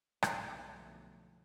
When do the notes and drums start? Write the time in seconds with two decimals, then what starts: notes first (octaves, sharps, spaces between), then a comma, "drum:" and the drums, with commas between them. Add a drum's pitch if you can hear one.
0.22 F#1 B1 B2 D3 F3 A3, drum: rim click